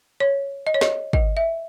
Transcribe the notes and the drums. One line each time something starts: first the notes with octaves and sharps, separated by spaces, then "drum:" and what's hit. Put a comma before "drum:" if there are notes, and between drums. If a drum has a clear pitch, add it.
C#5
D#5
C#5
D#5, drum: snare
D#5, drum: kick
E5